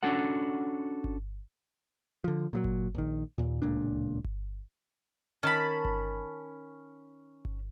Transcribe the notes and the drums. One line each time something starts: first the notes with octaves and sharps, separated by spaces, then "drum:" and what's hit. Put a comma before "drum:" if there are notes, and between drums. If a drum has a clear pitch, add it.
C#4 D4 F#4 A4 F#5
drum: kick G1
D3 F3
A#2 F3 F#3
drum: kick G1
A#1 D#3
D#2 A#2
D1 C#2 A#2 D4
drum: kick G1
D#3 C#4 A5 B5
drum: kick G1
drum: kick G1